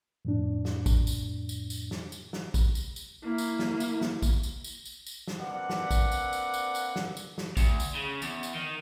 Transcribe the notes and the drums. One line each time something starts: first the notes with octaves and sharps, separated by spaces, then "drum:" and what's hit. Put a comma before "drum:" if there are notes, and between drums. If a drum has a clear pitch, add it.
F2 A2 D4
drum: snare
drum: kick, tambourine
drum: tambourine
drum: tambourine
drum: tambourine
drum: snare
drum: tambourine
drum: snare
drum: kick, tambourine
drum: tambourine
drum: tambourine
A#3 E4
drum: tambourine
drum: snare
drum: tambourine
drum: snare
drum: kick, tambourine
drum: tambourine
drum: tambourine
drum: tambourine
drum: tambourine
drum: snare
A#3 C4 D4 B4 D5 F#5
drum: snare
drum: kick, tambourine
drum: tambourine
drum: tambourine
drum: tambourine
drum: tambourine
drum: snare
drum: tambourine
drum: snare
D2, drum: kick, tambourine
drum: tambourine
C#3
E2, drum: tambourine
drum: tambourine
D#3